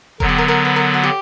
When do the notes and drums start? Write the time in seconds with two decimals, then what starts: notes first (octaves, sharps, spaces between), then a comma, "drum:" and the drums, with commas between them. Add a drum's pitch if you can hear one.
0.20 D3 F#3 B3 A#4, drum: kick E1
0.29 G4
0.38 A#4
0.48 A#4
0.65 B4
0.76 A#4
0.94 F#4
1.04 G4